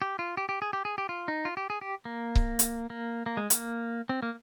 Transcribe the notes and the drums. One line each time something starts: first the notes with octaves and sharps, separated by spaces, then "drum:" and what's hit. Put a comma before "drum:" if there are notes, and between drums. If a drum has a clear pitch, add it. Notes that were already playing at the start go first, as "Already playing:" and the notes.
G4
F4
G4
G4
G#4
G4
G#4
G4
F4
D#4
F4
G4
G#4
G4
A#3
drum: kick C#1
drum: hi-hat
A#3
A#3
G#3
A#3, drum: hi-hat
C4
A#3